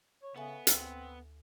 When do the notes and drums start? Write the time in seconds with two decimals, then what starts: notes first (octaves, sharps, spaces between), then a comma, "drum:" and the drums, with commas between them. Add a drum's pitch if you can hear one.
0.23 C#5
0.36 C#3 B3 A4 E5 G#5
0.67 D2 C4 E6, drum: hi-hat